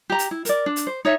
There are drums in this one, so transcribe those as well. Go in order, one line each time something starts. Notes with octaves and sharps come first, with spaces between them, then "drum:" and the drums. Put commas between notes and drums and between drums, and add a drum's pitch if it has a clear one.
G4 A#5
drum: hi-hat
E4
A#4 D5, drum: hi-hat
D4
drum: hi-hat
C5
D#4 C#5 E5